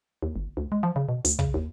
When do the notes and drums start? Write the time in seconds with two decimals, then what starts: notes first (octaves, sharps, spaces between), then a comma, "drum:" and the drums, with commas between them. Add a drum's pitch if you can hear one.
0.22 D#2
0.36 G1
0.57 D2
0.72 G#3
0.83 F3
0.96 C#3
1.09 B2
1.25 D2, drum: hi-hat
1.39 C#3, drum: kick
1.54 D#2